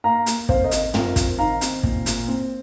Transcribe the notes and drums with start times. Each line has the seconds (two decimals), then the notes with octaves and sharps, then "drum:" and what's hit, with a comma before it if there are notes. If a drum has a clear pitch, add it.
0.04 A#3 F5 A#5
0.26 A#3, drum: hi-hat
0.49 C4 C5 F5, drum: kick
0.64 A#4 D#5
0.71 C4, drum: hi-hat
0.94 C4 F4 A#4, drum: tom
1.16 C4, drum: kick, hi-hat
1.38 D#3 F5 A#5
1.61 C4, drum: hi-hat
1.83 A#2, drum: kick
2.06 A#2, drum: hi-hat
2.28 C4